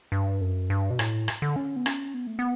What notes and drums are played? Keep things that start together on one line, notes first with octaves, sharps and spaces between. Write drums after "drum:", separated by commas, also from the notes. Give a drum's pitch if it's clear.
G2
F#2
G2
B2
A2, drum: rim click
drum: rim click
D3
C#4
B3
C#4, drum: rim click
B3
A3
B3